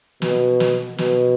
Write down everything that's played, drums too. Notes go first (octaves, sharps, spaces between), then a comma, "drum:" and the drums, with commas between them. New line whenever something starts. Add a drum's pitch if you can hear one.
B2, drum: snare
drum: snare
B2, drum: snare